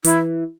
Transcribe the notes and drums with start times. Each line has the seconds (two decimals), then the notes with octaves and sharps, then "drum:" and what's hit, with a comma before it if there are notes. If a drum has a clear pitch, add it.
0.04 E3 E4, drum: hi-hat